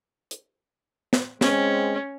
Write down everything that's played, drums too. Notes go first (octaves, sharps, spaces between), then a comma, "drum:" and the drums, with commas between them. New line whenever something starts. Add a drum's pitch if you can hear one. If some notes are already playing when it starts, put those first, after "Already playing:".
drum: hi-hat
drum: snare
G#3 C4 C#4, drum: snare